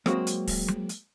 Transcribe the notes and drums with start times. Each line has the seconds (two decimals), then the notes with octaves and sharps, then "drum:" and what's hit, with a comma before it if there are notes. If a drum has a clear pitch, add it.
0.06 F#3 G#3 A#3 C4 F#4 G#4, drum: rim click
0.27 drum: hi-hat
0.47 drum: kick, open hi-hat
0.68 drum: tom F#3
0.89 drum: hi-hat